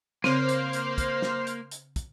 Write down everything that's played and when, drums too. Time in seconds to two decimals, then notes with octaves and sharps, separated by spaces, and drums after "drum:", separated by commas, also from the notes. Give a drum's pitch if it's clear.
0.24 C#3 A#3 C4 C5 F6 C7, drum: snare
0.49 drum: hi-hat
0.73 drum: hi-hat
0.98 drum: kick, hi-hat
1.22 drum: snare
1.47 drum: hi-hat
1.71 drum: hi-hat
1.96 drum: kick, hi-hat